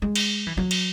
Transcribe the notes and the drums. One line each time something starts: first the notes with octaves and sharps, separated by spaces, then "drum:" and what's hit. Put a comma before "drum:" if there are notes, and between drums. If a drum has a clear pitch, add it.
G#3
drum: cymbal
E3
F#3
drum: cymbal